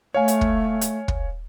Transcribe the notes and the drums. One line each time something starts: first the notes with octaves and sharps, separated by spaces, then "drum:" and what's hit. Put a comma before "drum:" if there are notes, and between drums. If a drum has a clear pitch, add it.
A3 C#5 F5 G#5
drum: hi-hat
drum: kick
drum: hi-hat
drum: kick